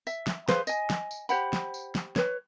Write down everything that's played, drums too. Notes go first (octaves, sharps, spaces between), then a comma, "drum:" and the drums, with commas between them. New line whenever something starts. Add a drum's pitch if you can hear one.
E5, drum: tambourine
drum: snare
G#4 B4 C5 F5, drum: snare
D#5 G#5, drum: tambourine
drum: snare
drum: tambourine
G4 C5 F#5 B5, drum: tambourine
drum: snare
drum: tambourine
drum: snare
B4 C#5, drum: snare